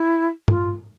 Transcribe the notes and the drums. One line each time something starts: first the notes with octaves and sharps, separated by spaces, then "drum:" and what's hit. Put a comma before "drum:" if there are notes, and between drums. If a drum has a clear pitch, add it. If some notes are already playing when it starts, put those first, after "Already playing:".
Already playing: E4
F4, drum: tom G2